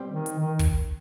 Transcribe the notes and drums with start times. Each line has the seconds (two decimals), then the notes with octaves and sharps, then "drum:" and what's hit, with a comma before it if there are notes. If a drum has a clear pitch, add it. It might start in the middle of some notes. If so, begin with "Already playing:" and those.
Already playing: B2 G3 C4
0.09 D#3
0.26 drum: hi-hat
0.39 D#3
0.59 drum: kick, open hi-hat